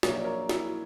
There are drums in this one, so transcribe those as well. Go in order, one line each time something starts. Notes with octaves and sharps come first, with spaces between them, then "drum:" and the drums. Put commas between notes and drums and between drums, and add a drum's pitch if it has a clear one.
A#1 A#2 F#3 A#3 C#4 C#5, drum: snare
D5
A#4 C#5
E4, drum: snare